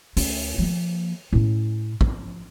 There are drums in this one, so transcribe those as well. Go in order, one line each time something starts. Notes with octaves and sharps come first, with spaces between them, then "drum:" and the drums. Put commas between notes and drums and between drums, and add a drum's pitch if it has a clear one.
D2 C#4, drum: open hi-hat
F3 A#3
A2 C#4
F3, drum: kick